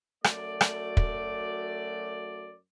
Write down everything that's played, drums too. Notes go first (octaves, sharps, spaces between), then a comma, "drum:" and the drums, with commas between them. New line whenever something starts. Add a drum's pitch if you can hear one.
F#2 A3 F#4 D5, drum: rim click
drum: rim click
drum: kick